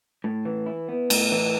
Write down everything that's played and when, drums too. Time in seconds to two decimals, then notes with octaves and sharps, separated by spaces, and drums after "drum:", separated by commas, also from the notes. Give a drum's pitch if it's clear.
0.24 A2
0.45 E3
0.66 E4
0.89 B3
1.10 A2, drum: cymbal
1.32 E3